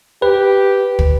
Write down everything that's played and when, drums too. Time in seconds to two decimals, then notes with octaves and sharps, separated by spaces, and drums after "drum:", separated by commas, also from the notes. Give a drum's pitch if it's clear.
0.22 G4 B4
0.99 drum: kick